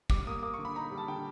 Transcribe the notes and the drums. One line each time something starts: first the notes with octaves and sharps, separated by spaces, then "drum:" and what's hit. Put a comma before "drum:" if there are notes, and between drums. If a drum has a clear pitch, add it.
G3 D6, drum: kick
A#3 D#6
A#3 D6
D3 C#6
B5
D#4 A#5
G3
A5
D3 G5